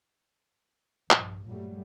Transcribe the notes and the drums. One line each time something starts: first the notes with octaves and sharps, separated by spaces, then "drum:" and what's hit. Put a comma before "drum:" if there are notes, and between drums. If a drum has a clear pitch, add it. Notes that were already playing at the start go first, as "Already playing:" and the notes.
A#1 G2, drum: clap
G2 A#2 F#3 G3 A3